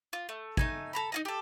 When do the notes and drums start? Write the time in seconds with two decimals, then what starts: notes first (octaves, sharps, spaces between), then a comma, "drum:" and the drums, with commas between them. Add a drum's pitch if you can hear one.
0.13 F4
0.29 A3
0.57 A3 D#4 G#5, drum: kick
0.93 A4 A#5 B5
1.12 D#4 F4 D#5
1.25 G4 A4